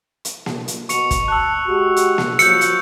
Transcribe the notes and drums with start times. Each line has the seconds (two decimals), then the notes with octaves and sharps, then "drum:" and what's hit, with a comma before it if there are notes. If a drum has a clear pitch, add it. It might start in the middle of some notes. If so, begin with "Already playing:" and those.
0.25 drum: hi-hat
0.46 drum: snare A#3
0.68 drum: hi-hat
0.89 B2 C#6 C#7 F7, drum: hi-hat
1.11 drum: kick, hi-hat
1.28 A5 E6 F#6
1.68 G#3 F#4 G4
1.96 drum: hi-hat
2.18 drum: snare A#3
2.39 F3 F#3 E6 F#6 G6 C#7, drum: hi-hat
2.61 drum: hi-hat